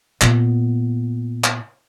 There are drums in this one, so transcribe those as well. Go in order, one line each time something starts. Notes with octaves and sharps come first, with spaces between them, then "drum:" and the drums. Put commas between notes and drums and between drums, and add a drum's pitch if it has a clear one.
A#2 B3, drum: clap
drum: clap